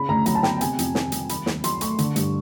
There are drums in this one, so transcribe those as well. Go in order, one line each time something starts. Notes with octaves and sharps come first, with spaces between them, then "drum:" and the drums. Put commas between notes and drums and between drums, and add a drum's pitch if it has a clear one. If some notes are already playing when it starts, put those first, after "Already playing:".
Already playing: C#3 B5
D2 A#5
F#3 A#5, drum: hi-hat
A5
B3 G5, drum: snare
C3 G#5, drum: hi-hat
F2, drum: hi-hat
D#3, drum: snare
G3, drum: hi-hat
D#3 B5, drum: hi-hat
D#2, drum: snare
F#3 C6, drum: hi-hat
A3 C#6, drum: hi-hat
D3, drum: hi-hat
G2, drum: hi-hat